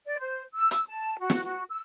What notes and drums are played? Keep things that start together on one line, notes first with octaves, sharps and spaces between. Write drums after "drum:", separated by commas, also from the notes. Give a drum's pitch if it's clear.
D5
C5
E6
E6, drum: hi-hat
A5
F#4
drum: snare
F#4
E6